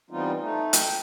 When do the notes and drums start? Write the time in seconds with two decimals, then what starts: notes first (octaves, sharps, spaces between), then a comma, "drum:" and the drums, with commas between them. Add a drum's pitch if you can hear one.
0.10 E3 G3 B3 C4 D#4 F4
0.40 A3 D#4
0.73 G5, drum: hi-hat